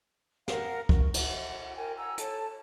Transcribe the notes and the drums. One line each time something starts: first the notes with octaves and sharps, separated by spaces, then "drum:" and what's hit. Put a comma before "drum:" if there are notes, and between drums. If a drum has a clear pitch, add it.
A#4 F5 F#5, drum: snare
A#4 C#6, drum: kick
E5 F#5, drum: cymbal
A#4 G5 G#5
F#5 G#5 A#5 E6
A4 C#5 A5, drum: hi-hat